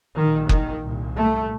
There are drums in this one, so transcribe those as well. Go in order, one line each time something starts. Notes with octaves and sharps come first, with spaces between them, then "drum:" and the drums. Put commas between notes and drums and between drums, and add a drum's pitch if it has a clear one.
A#1 A#2 D#3
D#3, drum: kick F#1
C2 A#2
A3